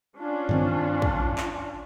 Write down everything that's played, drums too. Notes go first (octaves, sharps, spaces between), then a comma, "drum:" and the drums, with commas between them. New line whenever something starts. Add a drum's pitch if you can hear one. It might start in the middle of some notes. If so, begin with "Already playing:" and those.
C#4 D4 F4
G2 D#3 C4
drum: kick
drum: clap